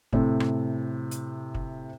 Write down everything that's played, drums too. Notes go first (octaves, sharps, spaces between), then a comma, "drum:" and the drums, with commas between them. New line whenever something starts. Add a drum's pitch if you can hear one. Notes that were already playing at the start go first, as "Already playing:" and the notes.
A2 C3 A4, drum: kick
drum: rim click
drum: hi-hat
drum: kick